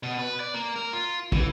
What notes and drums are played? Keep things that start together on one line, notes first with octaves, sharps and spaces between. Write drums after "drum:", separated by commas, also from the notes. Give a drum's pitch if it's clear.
B2
B4
D5
A#3
A#4
F4
E3, drum: kick